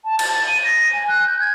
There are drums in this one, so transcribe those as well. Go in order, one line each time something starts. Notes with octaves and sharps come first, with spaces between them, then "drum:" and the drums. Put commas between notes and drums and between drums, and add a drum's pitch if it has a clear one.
A5
A6, drum: cymbal
A6
D#7
A#6
G#5
F#6
G6
G#6